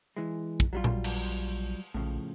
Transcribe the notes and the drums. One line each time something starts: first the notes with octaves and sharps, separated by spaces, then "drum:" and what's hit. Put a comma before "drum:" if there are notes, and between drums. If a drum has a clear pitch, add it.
E3 G#3
drum: kick
A#1 F#3 G3 F4
drum: tom A#2
drum: cymbal
A#1 A2 C#3 F3